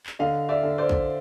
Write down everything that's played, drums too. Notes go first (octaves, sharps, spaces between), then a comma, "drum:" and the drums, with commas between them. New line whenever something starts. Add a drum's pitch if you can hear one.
drum: clap
D3 D#5 F5
D5 E5
D3
C5 D5
drum: kick A#1